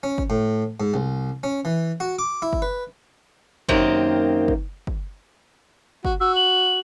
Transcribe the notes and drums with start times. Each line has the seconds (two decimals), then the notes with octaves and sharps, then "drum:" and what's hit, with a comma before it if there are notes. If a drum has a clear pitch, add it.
0.03 C#4
0.18 drum: kick
0.30 A2
0.80 G#2
0.94 C2
1.43 C#4
1.65 E3
2.00 F#4
2.19 D6
2.42 E4
2.53 drum: kick
2.62 B4
3.69 F#2 D#3 A#3 C4 G4, drum: kick
4.48 drum: kick
4.87 drum: kick
6.05 F#4, drum: kick
6.21 F#4 E6
6.36 F#7